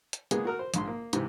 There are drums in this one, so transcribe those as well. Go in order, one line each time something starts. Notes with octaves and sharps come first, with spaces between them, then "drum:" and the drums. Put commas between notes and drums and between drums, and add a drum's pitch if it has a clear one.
drum: hi-hat
G#3 A#3 B3 G#4, drum: hi-hat
F#4 A#4 F6
C5
A#1 G#2 C6, drum: hi-hat
A#3
G#2 C3 E3, drum: hi-hat